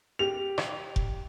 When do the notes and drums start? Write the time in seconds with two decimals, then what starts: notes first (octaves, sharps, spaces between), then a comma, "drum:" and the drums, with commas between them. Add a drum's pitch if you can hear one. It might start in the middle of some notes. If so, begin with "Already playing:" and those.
0.19 G4 F7
0.58 drum: rim click
0.96 drum: kick F1